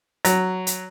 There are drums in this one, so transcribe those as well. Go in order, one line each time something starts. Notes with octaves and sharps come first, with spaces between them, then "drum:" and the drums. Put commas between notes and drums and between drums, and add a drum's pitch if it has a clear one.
F#3, drum: hi-hat
drum: hi-hat